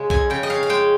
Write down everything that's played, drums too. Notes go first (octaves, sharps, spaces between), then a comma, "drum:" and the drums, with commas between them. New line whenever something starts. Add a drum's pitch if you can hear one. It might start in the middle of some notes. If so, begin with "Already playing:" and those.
Already playing: C#3 G#3 C#4
F2 G#5, drum: kick B1
C#3 G5
D#5
C#4 F5
F5
G#3 G5